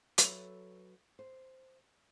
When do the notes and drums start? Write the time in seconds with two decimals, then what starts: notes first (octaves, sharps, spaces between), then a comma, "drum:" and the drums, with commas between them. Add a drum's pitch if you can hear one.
0.18 F#3 A4 B4 E5, drum: hi-hat
1.19 C5